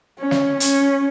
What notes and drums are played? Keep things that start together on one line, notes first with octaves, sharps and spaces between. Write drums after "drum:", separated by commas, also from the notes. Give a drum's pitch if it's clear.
C#4
drum: snare
C#4, drum: hi-hat